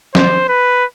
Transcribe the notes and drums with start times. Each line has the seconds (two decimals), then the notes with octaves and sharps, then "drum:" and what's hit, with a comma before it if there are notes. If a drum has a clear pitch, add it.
0.15 C5, drum: snare
0.49 B4